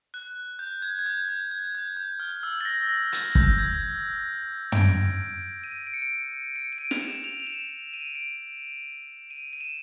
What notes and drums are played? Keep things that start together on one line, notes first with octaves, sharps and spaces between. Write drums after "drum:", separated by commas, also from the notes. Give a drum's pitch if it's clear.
F#6
G6
G#6
G#6
G6
G6
G#6
G6
G6
F6
E6
A6
A#6
A#6
A6, drum: hi-hat
G6, drum: kick
G#6
D7, drum: tom
D#7
D7
C#7
D7
C#7
D#7
D7
F7, drum: snare
E7
F7
F7
E7
D#7
D7
D#7
D#7
E7